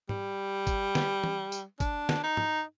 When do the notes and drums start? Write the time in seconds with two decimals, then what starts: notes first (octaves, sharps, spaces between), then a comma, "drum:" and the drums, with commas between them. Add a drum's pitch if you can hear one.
0.09 G3, drum: tom G#2
0.67 drum: kick, tambourine
0.95 drum: snare
1.24 drum: tom
1.52 drum: tambourine
1.80 D4, drum: kick, tambourine
2.09 drum: snare
2.24 D#4
2.37 drum: tom